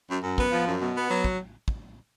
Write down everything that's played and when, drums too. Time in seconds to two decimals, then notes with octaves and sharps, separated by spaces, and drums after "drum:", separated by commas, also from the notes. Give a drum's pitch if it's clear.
0.09 F#2
0.23 F#2
0.38 B3, drum: kick
0.52 F3
0.66 F#2
0.81 B2
0.96 B3
1.10 F#3
1.24 drum: kick
1.68 drum: kick